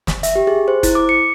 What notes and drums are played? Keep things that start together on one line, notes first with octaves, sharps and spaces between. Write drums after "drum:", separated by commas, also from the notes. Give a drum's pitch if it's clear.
drum: snare
E5, drum: hi-hat
G4
G#4
C5
E4, drum: kick, hi-hat
D6
C#7